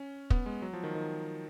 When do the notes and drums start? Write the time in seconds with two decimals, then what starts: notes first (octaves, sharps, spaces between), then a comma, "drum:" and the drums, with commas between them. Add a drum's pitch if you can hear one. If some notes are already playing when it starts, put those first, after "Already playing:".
Already playing: C#4
0.30 B3, drum: kick
0.46 G#3
0.62 F#3
0.73 F3
0.83 D#3
0.95 D#3